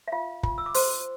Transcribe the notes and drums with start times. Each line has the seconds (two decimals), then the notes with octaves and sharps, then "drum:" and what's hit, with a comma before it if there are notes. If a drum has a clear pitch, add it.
0.08 E5
0.12 F4 F5
0.43 F4, drum: kick
0.58 E6
0.66 D6
0.74 C5 C6, drum: open hi-hat